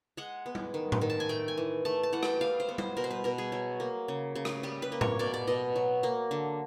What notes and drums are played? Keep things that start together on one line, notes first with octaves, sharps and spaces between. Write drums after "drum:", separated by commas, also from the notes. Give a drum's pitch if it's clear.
G#3 F#5
B3
drum: tom G3
D#3
drum: tom A2
D#3
A5
G#5
A3 G5
G#5
E3
A3 A5
A5
E3 F#5
G5, drum: rim click
G3 F5
C5
B3
C5, drum: tom G3
B2 A#4
C5
B4
B2 A#4
G#4
F#3
A#3
C#3
C#3
drum: rim click
G3 G4
B4
A#3
C#5, drum: tom A2
B2 D5
D5
B2 D#5
F#3
A#3
D3